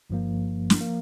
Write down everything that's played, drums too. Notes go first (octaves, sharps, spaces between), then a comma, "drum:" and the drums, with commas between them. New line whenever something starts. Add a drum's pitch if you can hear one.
G1 G2 F3 A#3
drum: snare
F3 A#3